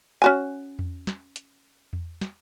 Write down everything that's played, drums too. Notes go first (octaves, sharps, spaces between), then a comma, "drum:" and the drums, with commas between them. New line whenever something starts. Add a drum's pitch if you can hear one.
C#4 F#4 G#5
drum: tom E2
drum: snare
drum: hi-hat
drum: tom E2
drum: snare